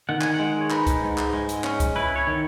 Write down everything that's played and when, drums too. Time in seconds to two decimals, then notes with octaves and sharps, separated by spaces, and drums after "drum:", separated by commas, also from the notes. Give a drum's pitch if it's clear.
0.09 D#3 F#5
0.21 G#5, drum: clap
0.34 F#5
0.39 G#3
0.61 C#5
0.70 D#4 B4, drum: clap
0.87 drum: kick C2, hi-hat
1.02 G#2
1.18 drum: clap
1.33 G#3
1.49 drum: hi-hat
1.64 C#4, drum: clap
1.80 drum: kick C2, hi-hat
1.96 E4 B4
2.16 C#5
2.27 D#3